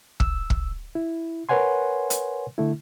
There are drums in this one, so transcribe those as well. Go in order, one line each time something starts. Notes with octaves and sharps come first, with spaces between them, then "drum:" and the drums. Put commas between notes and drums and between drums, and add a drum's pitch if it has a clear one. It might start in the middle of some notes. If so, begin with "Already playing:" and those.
E6, drum: kick
drum: kick
E4
A#4 B4 C#5 F#5 G#5 C6
drum: hi-hat
D3 A3 E4